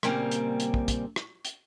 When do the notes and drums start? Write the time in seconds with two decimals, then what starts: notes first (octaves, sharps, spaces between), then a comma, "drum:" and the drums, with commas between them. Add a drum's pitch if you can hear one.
0.03 A#2 C#3 G3 A#3 C4, drum: rim click
0.31 drum: hi-hat
0.60 drum: hi-hat
0.74 drum: kick
0.88 drum: kick, hi-hat
1.16 drum: rim click
1.45 drum: hi-hat